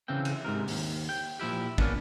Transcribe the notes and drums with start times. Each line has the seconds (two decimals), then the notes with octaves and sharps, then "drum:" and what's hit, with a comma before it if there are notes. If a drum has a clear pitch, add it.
0.08 C#3 E3 C4 G5
0.25 drum: cymbal
0.45 G#2 C3 A#4
0.68 D#2, drum: open hi-hat
1.09 G5
1.40 A#2 F3 E4 G4
1.78 A#3 B3 C#4 D4, drum: kick